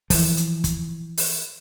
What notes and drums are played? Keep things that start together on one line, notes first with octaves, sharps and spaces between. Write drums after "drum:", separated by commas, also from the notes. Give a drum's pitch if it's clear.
E3 F3, drum: kick, open hi-hat
drum: hi-hat
drum: kick, hi-hat
drum: open hi-hat